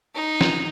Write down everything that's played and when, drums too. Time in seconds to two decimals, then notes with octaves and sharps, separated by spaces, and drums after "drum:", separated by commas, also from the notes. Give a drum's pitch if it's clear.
0.14 D#4
0.41 drum: snare